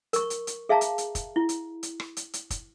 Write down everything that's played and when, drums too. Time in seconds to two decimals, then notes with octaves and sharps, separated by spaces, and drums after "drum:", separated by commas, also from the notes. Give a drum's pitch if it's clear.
0.13 A#4 C#6, drum: hi-hat
0.30 drum: hi-hat
0.47 drum: hi-hat
0.69 G#4 E5 F5 A5 A#5
0.81 drum: hi-hat
0.98 drum: hi-hat
1.15 drum: kick, hi-hat
1.36 E4
1.49 drum: hi-hat
1.83 drum: hi-hat
2.00 drum: rim click
2.17 drum: hi-hat
2.34 drum: hi-hat
2.50 drum: kick, hi-hat